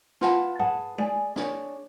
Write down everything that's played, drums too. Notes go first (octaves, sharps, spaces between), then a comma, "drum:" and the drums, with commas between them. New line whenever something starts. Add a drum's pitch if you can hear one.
F4 B4 F#5 A5, drum: snare
G#4 B4 F#5 A5, drum: tom G#2
G#4 D5 G#5, drum: tom
D4 G#4 C#5, drum: snare